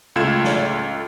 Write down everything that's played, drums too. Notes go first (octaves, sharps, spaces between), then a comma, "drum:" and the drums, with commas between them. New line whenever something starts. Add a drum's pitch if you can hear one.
C#2 A3 F4 G#6 E7
drum: snare